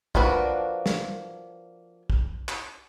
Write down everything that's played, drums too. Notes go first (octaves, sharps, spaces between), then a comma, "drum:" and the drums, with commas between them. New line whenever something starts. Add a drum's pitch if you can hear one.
F3 A#3 D4 F#4 B4, drum: kick
drum: snare
drum: kick
drum: clap